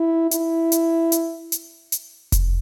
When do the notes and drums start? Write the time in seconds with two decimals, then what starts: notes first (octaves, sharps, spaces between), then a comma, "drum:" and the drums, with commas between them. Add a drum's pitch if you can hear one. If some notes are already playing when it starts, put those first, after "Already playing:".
Already playing: E4
0.31 E4, drum: hi-hat
0.72 drum: hi-hat
1.12 drum: hi-hat
1.52 drum: hi-hat
1.92 drum: hi-hat
2.32 drum: kick F1, hi-hat